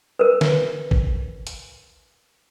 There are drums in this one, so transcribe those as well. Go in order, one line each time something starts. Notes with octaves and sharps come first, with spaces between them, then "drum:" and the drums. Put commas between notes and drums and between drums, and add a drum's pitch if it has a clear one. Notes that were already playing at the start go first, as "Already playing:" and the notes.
A#4 B4
drum: snare
drum: kick
drum: hi-hat